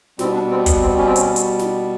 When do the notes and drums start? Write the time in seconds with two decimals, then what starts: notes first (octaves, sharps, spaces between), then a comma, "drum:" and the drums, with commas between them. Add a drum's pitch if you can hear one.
0.19 B2 G3 C4, drum: snare
0.34 D4
0.51 C4
0.66 B3, drum: kick, hi-hat
0.82 C4
0.97 C#4
1.06 C4
1.16 C#4, drum: hi-hat
1.36 drum: hi-hat
1.59 drum: snare